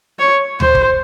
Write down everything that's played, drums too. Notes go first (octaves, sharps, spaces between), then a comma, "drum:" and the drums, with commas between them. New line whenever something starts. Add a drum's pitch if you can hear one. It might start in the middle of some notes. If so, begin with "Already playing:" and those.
C#5
C5, drum: tom D2
drum: kick